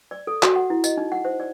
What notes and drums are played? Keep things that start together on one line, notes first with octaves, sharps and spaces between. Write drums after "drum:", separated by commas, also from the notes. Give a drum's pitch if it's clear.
D5
A4
F#4, drum: clap
F#5
E4
D#5, drum: tambourine
D#4
F#5
C5
D5